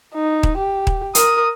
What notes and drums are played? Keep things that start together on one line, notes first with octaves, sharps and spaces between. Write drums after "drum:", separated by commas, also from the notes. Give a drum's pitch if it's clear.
D#4
drum: kick D#1
G4
drum: kick D#1
A#4 D#6, drum: hi-hat